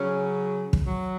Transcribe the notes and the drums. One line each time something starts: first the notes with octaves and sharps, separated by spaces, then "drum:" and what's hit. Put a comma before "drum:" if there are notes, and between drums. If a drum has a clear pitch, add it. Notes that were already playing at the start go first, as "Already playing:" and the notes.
Already playing: C#3 F#3 C#4
drum: kick
F#3